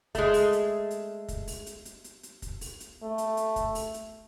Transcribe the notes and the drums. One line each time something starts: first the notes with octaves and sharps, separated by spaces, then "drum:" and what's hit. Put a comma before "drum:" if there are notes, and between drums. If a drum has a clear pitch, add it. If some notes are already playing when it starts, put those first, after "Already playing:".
G#3 A3, drum: kick, hi-hat
drum: open hi-hat
drum: hi-hat
drum: hi-hat
drum: kick, hi-hat
drum: open hi-hat
drum: hi-hat
drum: hi-hat
drum: hi-hat
drum: hi-hat
drum: kick, hi-hat
drum: open hi-hat
drum: hi-hat
A3
drum: hi-hat
drum: hi-hat
drum: kick, hi-hat
drum: open hi-hat
drum: hi-hat